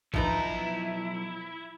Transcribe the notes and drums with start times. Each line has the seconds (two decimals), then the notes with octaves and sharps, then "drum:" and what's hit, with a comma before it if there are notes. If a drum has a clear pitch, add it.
0.14 B1 F3 D#4 E4 B4 A#5, drum: kick G#1